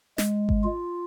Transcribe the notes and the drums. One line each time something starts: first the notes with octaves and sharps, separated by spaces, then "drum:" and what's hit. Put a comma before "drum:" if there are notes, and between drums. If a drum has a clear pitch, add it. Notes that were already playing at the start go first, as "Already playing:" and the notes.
G#3, drum: snare
drum: kick G#1
F4